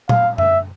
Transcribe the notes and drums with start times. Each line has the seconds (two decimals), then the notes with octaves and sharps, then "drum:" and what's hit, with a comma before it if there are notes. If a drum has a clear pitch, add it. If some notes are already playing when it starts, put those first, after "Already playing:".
0.09 F5, drum: tom A#2
0.38 E5, drum: tom F#2